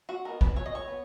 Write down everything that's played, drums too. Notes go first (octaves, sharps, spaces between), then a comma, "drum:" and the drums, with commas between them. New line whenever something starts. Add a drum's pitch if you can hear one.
F#4
B3 D#4 A#4
B4, drum: kick
F#3 C#5
D#5
C#5
B3